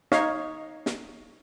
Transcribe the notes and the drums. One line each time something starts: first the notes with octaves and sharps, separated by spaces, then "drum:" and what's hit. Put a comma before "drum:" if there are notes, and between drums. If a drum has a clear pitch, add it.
D#4 C#5 F5, drum: snare
drum: snare